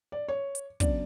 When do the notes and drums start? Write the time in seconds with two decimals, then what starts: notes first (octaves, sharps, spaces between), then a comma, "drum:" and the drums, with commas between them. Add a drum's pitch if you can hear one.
0.12 D5
0.28 C#5
0.55 drum: hi-hat
0.80 C#3 F#3 B3 D4 D5, drum: kick, hi-hat